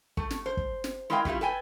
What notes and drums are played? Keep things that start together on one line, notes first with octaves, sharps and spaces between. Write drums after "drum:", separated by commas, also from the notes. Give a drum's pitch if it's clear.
A3, drum: kick
drum: snare
C5
drum: kick
drum: snare
G#3 E4 A#4 D#5 F5 G5
C#3 G3 A3 E4 F4, drum: kick
A4 B4 G5 G#5